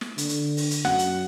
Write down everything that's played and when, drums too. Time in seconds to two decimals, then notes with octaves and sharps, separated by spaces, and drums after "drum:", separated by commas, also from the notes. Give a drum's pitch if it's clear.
0.01 drum: snare
0.18 D3, drum: hi-hat
0.29 drum: hi-hat
0.57 drum: open hi-hat
0.71 drum: hi-hat
0.85 F#2 F#5, drum: snare
0.99 drum: hi-hat